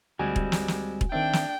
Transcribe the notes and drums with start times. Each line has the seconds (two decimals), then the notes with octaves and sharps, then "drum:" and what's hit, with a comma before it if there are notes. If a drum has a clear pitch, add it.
0.19 D2 G3 G#3 C4 F#4 G#5
0.36 drum: kick E1
0.52 drum: snare
0.68 drum: snare
1.01 drum: kick E1
1.12 D#3 C4 D4 E5 G5
1.33 drum: snare